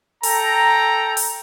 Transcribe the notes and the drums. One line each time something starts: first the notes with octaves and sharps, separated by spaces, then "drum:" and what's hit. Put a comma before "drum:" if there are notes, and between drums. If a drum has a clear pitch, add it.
A4 G5 A#5, drum: open hi-hat
drum: open hi-hat